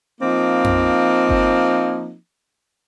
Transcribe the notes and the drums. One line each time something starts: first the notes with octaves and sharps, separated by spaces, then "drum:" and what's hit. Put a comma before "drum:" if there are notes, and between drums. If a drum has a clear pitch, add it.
F3 A#3 C4 D#4
drum: tom F2
drum: kick G1